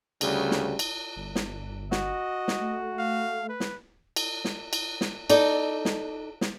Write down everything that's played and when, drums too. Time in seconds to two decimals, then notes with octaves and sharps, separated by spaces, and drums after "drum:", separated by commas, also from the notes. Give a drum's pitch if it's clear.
0.21 D2 C#3 G3, drum: cymbal
0.51 drum: snare
0.79 drum: cymbal
1.16 G1
1.35 drum: snare
1.92 F#4 D#5, drum: snare
2.48 drum: snare
2.61 A3
2.99 F5
3.49 B4
3.60 drum: snare
4.16 drum: cymbal
4.45 drum: snare
4.73 drum: cymbal
5.01 drum: snare
5.30 D#4 A4 D5, drum: cymbal
5.85 drum: snare
6.41 drum: snare